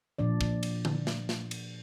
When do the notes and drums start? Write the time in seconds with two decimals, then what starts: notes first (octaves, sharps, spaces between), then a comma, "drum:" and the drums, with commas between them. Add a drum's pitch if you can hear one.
0.19 A#2 F3 D4 D5
0.41 drum: kick
0.63 drum: cymbal
0.85 drum: tom D3
1.07 drum: snare
1.29 drum: snare
1.51 drum: cymbal